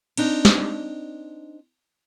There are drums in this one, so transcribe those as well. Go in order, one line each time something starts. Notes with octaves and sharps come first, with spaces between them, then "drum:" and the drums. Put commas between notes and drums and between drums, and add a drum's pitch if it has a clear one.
C4 D4 D#4, drum: cymbal
drum: snare